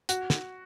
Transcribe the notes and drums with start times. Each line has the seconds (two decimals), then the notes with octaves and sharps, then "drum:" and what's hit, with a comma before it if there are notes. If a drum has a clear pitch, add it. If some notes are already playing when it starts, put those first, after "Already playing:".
0.09 F#4, drum: hi-hat
0.30 drum: snare